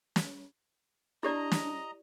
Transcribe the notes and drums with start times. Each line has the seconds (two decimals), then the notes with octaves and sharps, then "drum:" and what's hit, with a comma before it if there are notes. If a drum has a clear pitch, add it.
0.16 drum: snare
1.23 D4 E4 G4 D5 D#5 A#5
1.52 drum: snare